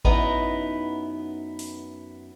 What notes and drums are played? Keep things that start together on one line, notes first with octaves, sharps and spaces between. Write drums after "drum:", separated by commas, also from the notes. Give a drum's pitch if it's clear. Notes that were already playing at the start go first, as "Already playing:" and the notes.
F#2 B3 D#4 E4 B4 A#5, drum: kick A1
drum: open hi-hat